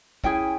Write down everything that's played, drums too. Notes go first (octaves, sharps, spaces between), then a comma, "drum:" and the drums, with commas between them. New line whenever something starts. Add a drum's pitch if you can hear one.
C#4 E4 G#4 G5, drum: kick